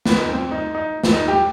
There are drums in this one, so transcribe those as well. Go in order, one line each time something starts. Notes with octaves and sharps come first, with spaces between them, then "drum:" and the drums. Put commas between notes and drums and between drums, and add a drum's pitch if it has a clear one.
B3, drum: snare
D#4
C4
D#4
D#4
drum: snare
D#4
G4